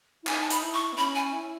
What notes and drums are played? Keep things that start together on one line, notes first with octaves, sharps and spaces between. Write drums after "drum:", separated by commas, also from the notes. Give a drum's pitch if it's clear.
E4
D#4 G#5, drum: clap
A5
B5, drum: hi-hat
E4
C#6
B3
C#4 B5
G#5
E4